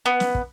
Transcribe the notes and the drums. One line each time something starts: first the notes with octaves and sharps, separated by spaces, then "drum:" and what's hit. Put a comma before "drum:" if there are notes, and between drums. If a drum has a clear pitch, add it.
B3
drum: snare
drum: kick